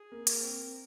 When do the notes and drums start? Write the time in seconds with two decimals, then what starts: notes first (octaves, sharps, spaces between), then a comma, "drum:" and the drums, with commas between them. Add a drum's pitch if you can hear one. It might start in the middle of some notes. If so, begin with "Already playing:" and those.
Already playing: G#4
0.12 A#3
0.27 A#4, drum: hi-hat
0.41 C4